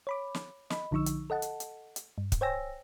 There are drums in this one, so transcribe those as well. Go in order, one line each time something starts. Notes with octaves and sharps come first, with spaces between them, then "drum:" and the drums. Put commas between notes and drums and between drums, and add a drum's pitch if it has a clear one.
C#5 B5 D6
drum: snare
D#5 B5, drum: snare
A#1 D3 F3 D#4 C#6 E6
drum: hi-hat
A4 D#5 F#5 A5
drum: hi-hat
drum: hi-hat
drum: hi-hat
G2
drum: kick, hi-hat
C5 C#5 G5 G#5 E6 A#6